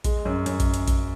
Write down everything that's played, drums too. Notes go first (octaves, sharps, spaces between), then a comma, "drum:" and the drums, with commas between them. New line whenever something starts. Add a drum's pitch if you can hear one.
G#3, drum: kick A#1, hi-hat
F#2
F#2, drum: hi-hat
drum: kick A#1, hi-hat
drum: hi-hat
drum: kick A#1, hi-hat